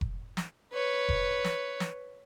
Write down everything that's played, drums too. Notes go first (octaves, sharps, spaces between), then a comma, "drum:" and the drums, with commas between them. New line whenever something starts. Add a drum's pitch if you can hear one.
drum: kick F1
drum: snare
B4 C#5
drum: kick F1
drum: snare
drum: snare